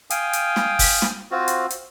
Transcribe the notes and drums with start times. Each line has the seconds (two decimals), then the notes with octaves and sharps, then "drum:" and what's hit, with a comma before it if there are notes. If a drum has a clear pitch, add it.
0.10 F5 G5 G#5 D#6, drum: hi-hat
0.33 drum: hi-hat
0.56 drum: snare
0.79 drum: kick, open hi-hat
1.02 drum: snare
1.31 C4 F4 F#4
1.48 drum: hi-hat
1.70 drum: hi-hat